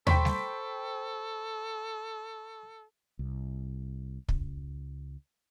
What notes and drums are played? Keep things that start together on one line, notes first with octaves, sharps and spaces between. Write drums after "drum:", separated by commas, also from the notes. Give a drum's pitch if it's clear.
A4 C5 G5 B5 C#6 B6, drum: tom D#2
drum: snare G3
C2
C#2, drum: kick